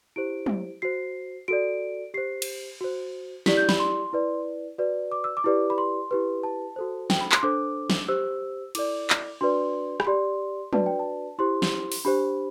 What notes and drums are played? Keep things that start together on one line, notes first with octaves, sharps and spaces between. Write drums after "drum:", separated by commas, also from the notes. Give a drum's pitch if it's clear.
E4 G4 C5 D7
drum: tom
F#4 C5 C7
F#4 A4 D5 D7
G4 C5 C7
drum: cymbal
F#4 C5
E4 G4 D5 B6, drum: snare
G6
B5, drum: snare
C6
E4 B4 D5
F#4 B4 D5
D6
E6
D6
E4 G4 B4 D5
B5
C6
E4 G4 B4
A5
F#4 A4 C5
G5, drum: snare
B5
C6, drum: clap
D4 A4 C5 D6
drum: snare
G4 C5 E6
E4 A4 D5 D6, drum: cymbal
drum: clap
D4 F#4 B4 D5 C6
B5, drum: rim click
G4 D5 C6
D4 F#4 B4 D5 A5, drum: tom
G5
A5
E4 G4 C5 C6
drum: snare
drum: open hi-hat
D4 G4 C5 B5